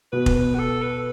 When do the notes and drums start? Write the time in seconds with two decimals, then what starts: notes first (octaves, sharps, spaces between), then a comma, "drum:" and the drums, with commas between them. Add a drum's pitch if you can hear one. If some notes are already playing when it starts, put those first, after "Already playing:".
0.12 B2 B4
0.26 drum: kick
0.35 B4
0.55 F#4
0.59 A4
0.82 B4